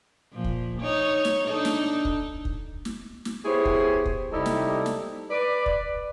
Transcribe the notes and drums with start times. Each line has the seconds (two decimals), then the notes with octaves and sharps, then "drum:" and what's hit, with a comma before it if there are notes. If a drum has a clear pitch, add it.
0.33 A#2 F3
0.44 drum: kick
0.80 D#4 C#5
1.25 drum: snare
1.48 D4 D#4 A4
1.65 drum: snare
2.05 drum: kick
2.45 drum: kick
2.85 drum: snare
3.25 drum: snare
3.45 B3 E4 G4 G#4 C5 C#5
3.65 drum: kick
4.06 drum: kick
4.32 C3 G3 D#4 E4 G4 A4
4.46 drum: snare
4.86 drum: snare
5.31 B4 D5
5.66 drum: kick